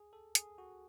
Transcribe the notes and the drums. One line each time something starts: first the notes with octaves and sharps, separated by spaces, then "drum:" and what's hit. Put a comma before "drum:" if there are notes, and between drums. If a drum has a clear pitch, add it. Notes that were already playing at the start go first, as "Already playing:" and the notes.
Already playing: G#4
A4
G#4, drum: hi-hat
F#4